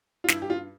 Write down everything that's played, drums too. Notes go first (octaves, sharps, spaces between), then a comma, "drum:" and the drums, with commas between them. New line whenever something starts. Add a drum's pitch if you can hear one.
F4
G2 E4, drum: snare
G4
F4